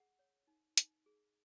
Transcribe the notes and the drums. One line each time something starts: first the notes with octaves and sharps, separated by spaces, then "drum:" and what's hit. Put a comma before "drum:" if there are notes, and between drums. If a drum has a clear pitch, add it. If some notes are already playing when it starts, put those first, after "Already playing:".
Already playing: G#4 F#5
C#5
D#4
D#4, drum: hi-hat
G#4